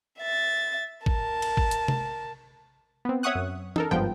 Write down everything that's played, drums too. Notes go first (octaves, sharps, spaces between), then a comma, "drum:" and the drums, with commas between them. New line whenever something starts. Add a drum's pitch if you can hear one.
E5 A6
A#4 A5, drum: kick
drum: cymbal
drum: kick
drum: hi-hat
drum: tom C3
B3 C4
C#5 E5 F#5 C#6 D#6 F#6
F#2
D#4 A4 A#4, drum: tom E3
G#1 G2 F3 B3 G5